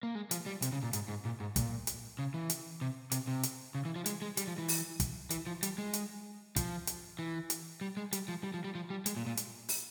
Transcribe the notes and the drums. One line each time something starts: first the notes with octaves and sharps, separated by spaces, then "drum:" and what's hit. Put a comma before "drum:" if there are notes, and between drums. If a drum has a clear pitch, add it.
A#3
G#3
F3, drum: hi-hat
G3
C3, drum: hi-hat
C#3
A#2
G#2, drum: hi-hat
G#2
A#2
G#2
A#2, drum: kick, hi-hat
drum: hi-hat
C#3
E3
drum: hi-hat
C3
C3, drum: hi-hat
C3
drum: hi-hat
C#3
E3
F3
G#3, drum: hi-hat
G#3
G3, drum: hi-hat
F3
E3
drum: open hi-hat
drum: kick, hi-hat
E3, drum: hi-hat
F3
G3, drum: hi-hat
G#3
drum: hi-hat
F3, drum: kick, hi-hat
drum: hi-hat
E3
drum: hi-hat
G3
G#3
G3, drum: hi-hat
F3
G3
F3
G3
F3
G3
G#3, drum: hi-hat
A#2
A#2
drum: hi-hat
drum: open hi-hat